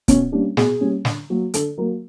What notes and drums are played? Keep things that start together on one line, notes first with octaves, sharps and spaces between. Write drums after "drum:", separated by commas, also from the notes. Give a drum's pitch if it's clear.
B2 C#4, drum: kick, hi-hat
G3 A#3 C#4 D4
B2 G#4, drum: snare
G3 A#3 C#4
D3, drum: snare
F#3 A#3
D3 A4, drum: hi-hat
F#3 A#3 A#4